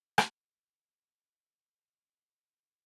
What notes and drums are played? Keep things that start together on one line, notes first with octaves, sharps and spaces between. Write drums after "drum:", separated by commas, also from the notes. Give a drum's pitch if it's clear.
drum: rim click
G4 B4
C6 C#6
F3 A4 E5 F#5
G#4
C#3 B3 C4 G#4